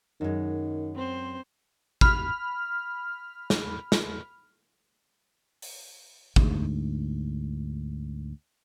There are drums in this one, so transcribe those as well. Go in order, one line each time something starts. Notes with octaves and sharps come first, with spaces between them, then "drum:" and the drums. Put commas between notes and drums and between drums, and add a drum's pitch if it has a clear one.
F#2 D#3 G#3
C4 C5
B5 F6, drum: kick
drum: snare
drum: snare
drum: open hi-hat
D2 G#2, drum: kick